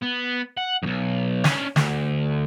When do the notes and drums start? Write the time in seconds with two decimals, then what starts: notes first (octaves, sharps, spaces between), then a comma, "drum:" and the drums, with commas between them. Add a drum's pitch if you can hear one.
0.03 B3
0.57 F#5
0.83 B1 F2
1.44 C#4 D4, drum: snare
1.76 D2, drum: snare